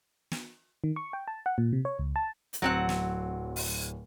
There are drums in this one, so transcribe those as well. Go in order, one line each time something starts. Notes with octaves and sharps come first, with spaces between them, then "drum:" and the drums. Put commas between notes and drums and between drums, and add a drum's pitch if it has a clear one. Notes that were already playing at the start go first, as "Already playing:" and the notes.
drum: snare
D#3
C#6
G5
A5
F#5
A#2
C3
C#5
C#2
A5
drum: hi-hat
D1 F#3 C4 F#5
drum: snare
drum: open hi-hat